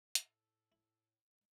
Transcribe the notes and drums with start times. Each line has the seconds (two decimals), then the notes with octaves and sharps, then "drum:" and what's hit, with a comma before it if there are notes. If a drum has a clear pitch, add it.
0.15 A2 A4, drum: hi-hat
0.72 E4